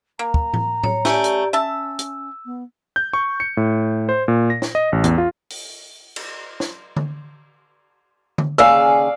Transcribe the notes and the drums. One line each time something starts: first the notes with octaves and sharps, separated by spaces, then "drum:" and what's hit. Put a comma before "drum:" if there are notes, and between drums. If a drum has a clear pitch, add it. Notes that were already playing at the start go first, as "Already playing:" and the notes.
A#3 A#5
drum: kick
drum: tom A2
C#5, drum: tom A2
A3 C#4 G4 D5, drum: snare
drum: hi-hat
C#4 E5 A5 E6
drum: hi-hat
B3
G6
C#6
C#7
A2
C5
A#2
A#6
drum: snare
D#5
A1
E2, drum: hi-hat
F4
drum: open hi-hat
drum: cymbal
drum: snare
drum: tom D3
drum: tom D3
D#2 C#3 G#4 D5 F5 E6